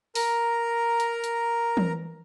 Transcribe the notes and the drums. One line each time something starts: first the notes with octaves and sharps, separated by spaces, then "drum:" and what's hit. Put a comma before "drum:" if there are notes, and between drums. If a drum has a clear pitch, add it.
A#4 A#5, drum: open hi-hat
drum: hi-hat
drum: hi-hat
drum: tom E3